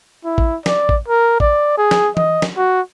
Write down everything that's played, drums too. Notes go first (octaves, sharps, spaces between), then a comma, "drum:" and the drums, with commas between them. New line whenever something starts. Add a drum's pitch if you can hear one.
E4
drum: kick A1
D5, drum: snare
drum: kick A1
A#4
D5, drum: kick A1
G#4
drum: snare
D#5, drum: tom
drum: snare
F#4